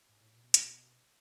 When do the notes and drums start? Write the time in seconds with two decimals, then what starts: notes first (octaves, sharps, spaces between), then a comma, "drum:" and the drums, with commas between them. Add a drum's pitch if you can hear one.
0.09 G#2
0.21 A2
0.33 A#2
0.44 B2
0.54 drum: hi-hat